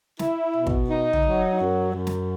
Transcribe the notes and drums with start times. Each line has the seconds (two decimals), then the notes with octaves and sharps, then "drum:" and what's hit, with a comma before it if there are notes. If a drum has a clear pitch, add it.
0.19 E4, drum: snare
0.55 B2
0.67 drum: kick
0.90 D#4
1.13 drum: tom
1.25 F#3
1.60 F#2
1.94 F#2
2.07 drum: snare